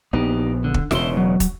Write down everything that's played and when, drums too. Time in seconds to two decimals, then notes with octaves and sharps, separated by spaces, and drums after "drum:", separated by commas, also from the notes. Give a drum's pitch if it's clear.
0.13 A#1 B3 D#4 G4
0.64 D3
0.74 drum: kick
0.91 E1 C#3 E4 C6, drum: snare
1.17 F#3
1.40 drum: kick, hi-hat